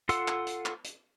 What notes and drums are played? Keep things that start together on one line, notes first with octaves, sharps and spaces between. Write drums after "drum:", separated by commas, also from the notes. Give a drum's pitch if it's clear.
F4 A4 F#5 C6 E6, drum: hi-hat
drum: clap
drum: hi-hat
drum: clap
drum: hi-hat